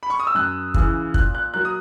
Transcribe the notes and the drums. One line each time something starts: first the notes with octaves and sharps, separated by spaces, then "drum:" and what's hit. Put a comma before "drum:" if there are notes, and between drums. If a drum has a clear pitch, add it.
B5
C#6
D#6
E6
F#2 F#6
C#3 E3, drum: kick
A#2 F#6, drum: kick
F#6
F#3 A#3 F#6
D#6